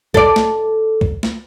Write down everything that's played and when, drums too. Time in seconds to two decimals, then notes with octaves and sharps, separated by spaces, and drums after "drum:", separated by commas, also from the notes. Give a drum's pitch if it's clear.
0.14 A4 D5, drum: kick
0.36 drum: snare
1.01 drum: kick
1.23 drum: snare